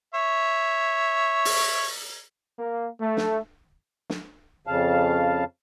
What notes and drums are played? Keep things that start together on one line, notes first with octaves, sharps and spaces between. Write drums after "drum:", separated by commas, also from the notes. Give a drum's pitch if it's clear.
C#5 E5
drum: open hi-hat
A#3
A3
drum: snare
drum: snare
F2 C#3 F5 A5